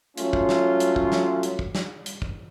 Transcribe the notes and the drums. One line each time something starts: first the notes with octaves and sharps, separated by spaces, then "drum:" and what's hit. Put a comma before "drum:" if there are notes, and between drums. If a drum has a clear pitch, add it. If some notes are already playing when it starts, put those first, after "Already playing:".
F#3 A3 C#4 F4, drum: hi-hat
drum: kick
drum: snare
drum: hi-hat
drum: kick
drum: snare
drum: hi-hat
drum: kick
drum: snare
drum: hi-hat
drum: kick